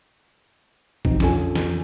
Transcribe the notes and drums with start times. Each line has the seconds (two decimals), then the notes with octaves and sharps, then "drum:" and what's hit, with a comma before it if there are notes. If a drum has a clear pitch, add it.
1.05 B2 E3 F3 C4 D#4, drum: kick
1.20 F2 D3 C#4 F4 A4 G#5, drum: snare
1.55 drum: snare